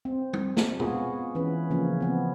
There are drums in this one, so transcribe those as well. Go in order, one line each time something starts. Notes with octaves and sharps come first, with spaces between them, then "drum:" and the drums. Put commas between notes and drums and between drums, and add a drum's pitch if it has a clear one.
C4
drum: tom
drum: snare
G#3 B3 F4 F#4 G#4, drum: tom B2
E3 C#4 B4
C#3 F3 A#3 C#4
B3 C4